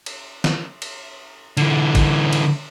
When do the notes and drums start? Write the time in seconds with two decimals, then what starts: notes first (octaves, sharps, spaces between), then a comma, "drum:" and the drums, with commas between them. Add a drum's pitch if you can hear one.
0.06 drum: cymbal
0.44 drum: snare
0.82 drum: cymbal
1.57 D3 E3, drum: cymbal
1.95 drum: kick, cymbal
2.33 drum: cymbal